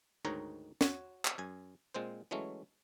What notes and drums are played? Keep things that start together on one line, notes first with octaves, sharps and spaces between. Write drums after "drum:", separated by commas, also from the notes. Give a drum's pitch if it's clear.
D2 G#2 D#3 D#4 C#5 A#5
F#4 C#5, drum: snare
drum: clap
F#2 G#5
A#2 G#3 C4 C5
E3 F#3 G#3 A3 C#4